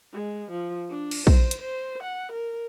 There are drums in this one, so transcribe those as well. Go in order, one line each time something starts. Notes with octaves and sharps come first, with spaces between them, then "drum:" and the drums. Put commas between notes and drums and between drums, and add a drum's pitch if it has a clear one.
G#3
F3
D4
drum: cymbal
C5, drum: kick
drum: hi-hat
C5
F#5
A#4